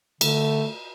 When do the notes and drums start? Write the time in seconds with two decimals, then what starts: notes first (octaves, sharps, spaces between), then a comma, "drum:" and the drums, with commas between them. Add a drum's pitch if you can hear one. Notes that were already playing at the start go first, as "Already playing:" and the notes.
0.21 D3 A3, drum: cymbal